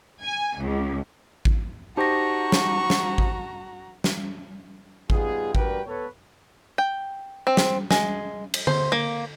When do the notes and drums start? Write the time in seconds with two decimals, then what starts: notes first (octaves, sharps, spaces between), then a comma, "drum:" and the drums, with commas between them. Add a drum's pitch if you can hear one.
0.21 G#5
0.59 C#2
1.45 drum: kick G#1
1.97 D#4 F#4 G4 C5 A5 A#5 C#6 A#6
2.52 drum: snare
2.90 drum: snare
3.18 drum: kick G#1
4.04 drum: snare
5.10 G3 B3 D#4 F4 G#4, drum: kick G#1
5.55 G3 D4 F#4 A#4 B4 G5, drum: kick G#1
5.87 B3 A4 B4 C#5
6.78 G5
7.47 C4
7.57 drum: snare
7.91 G#3, drum: snare
8.54 drum: cymbal
8.67 C5, drum: tom D3
8.92 A#3